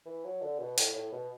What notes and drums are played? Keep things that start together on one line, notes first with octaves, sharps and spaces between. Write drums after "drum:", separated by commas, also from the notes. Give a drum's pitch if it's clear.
E3
F#3
D3
B2
A2, drum: hi-hat
A2
B2